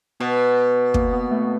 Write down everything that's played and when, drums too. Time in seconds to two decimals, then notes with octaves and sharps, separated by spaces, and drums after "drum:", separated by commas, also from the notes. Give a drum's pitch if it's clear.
0.20 B2 B3
0.94 A#3, drum: kick
1.13 B3
1.31 A3